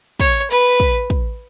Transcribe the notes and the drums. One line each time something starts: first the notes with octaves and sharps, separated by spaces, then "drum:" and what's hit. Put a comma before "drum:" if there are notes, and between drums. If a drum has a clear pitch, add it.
C#5, drum: kick
B4
drum: kick
drum: kick